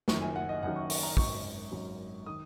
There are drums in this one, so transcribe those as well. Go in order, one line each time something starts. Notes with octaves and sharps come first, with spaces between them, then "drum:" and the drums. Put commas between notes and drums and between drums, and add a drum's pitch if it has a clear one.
F#1 F#2 D#3 F#3 C#6, drum: snare
G#5
F#5
D#5
F#1 F#2 D#3 F#3 F#5
C#6
C#6, drum: open hi-hat
A#5
G#1 F#2 F#3 C#6, drum: kick
G#1 F#2 F#3
D#3 D#6